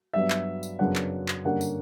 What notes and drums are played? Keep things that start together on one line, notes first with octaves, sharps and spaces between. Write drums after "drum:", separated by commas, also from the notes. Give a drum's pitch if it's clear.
G2 F#3 B3 E5
drum: clap
drum: tambourine
F#2 C#3 F#3 B3 D4 F#5
drum: clap
drum: clap
G2 D3 A#3 C#4 F#5
drum: tambourine